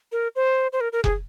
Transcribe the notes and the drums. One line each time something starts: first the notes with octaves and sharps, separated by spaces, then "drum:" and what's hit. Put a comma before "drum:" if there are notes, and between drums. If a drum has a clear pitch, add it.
A#4
C5
C5
A#4
A#4
G#4, drum: kick F1